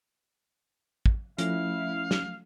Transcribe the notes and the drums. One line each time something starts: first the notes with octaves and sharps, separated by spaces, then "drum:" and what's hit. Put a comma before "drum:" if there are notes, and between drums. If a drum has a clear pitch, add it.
drum: kick
F3 A3 C#4 E4 F5, drum: hi-hat
drum: snare